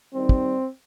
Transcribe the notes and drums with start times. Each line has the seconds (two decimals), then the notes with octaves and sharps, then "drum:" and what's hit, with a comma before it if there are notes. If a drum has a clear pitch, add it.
0.14 D#2 D#3 G3 C4
0.29 drum: kick